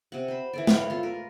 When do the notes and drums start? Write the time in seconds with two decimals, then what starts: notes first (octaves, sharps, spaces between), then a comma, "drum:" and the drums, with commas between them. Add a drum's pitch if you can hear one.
0.12 C3 F#5
0.28 C5 B5
0.53 E3 A4 D5
0.67 C#5, drum: snare
0.90 F4 A4
1.03 A#4 B4